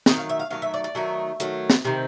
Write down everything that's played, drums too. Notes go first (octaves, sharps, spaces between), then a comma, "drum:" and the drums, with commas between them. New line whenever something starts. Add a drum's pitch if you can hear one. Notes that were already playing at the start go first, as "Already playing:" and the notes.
D#3 F#3 A3 D#5, drum: snare
F5
E5
F5
D#3 F#3 A3 F5
E5
D5
D5
D#3 F#3 A3 E5
D#3 F#3 A3, drum: hi-hat
drum: snare
C3 D#3 C4